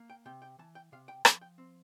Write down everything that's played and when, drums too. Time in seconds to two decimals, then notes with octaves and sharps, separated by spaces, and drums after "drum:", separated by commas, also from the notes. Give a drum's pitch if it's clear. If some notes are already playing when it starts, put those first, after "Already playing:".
Already playing: A#3
0.10 G5
0.25 C3 G5
0.42 G5
0.59 E3 A5
0.75 G5
0.92 C3 F5
1.08 G5
1.25 F3 A5, drum: rim click
1.41 G5
1.58 C4